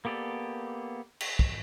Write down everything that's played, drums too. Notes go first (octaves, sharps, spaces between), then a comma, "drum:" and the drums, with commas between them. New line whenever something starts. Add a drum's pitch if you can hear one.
A#3 B3 G4 A4 D5
drum: cymbal
drum: kick